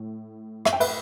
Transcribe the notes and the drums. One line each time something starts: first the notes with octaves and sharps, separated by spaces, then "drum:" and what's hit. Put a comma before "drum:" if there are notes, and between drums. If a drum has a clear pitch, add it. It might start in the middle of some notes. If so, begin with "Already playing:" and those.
Already playing: A2
E5, drum: rim click
G5
B4 E5, drum: cymbal